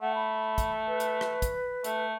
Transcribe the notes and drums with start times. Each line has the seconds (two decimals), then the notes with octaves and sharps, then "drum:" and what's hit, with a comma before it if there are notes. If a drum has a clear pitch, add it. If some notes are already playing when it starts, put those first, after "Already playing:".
0.02 A3 F#5
0.15 B5
0.58 drum: kick, hi-hat
0.87 B4
1.00 drum: hi-hat
1.21 drum: rim click
1.42 drum: kick, hi-hat
1.84 A3, drum: hi-hat